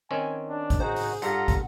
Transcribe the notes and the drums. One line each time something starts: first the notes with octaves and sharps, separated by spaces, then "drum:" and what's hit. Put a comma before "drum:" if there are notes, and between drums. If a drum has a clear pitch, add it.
D#3 C4 C#4 G#5
D4
drum: kick, hi-hat
D#4 F#4 G#4 C5
drum: open hi-hat
G2 F4 A4 F#5 A#5, drum: hi-hat
drum: kick, hi-hat